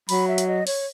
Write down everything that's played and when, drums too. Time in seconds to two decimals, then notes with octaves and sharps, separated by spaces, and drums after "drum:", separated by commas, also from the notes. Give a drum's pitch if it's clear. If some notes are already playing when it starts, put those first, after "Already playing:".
0.09 F#3 B5, drum: open hi-hat
0.28 E5
0.38 drum: hi-hat
0.47 D#5
0.67 C#5, drum: open hi-hat